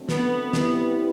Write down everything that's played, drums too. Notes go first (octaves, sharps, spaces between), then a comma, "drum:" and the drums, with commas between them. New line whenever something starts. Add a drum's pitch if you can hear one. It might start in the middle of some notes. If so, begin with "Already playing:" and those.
Already playing: D3 F#3 A3 C4
B3, drum: snare
A2 G3 C4 E4 B4, drum: snare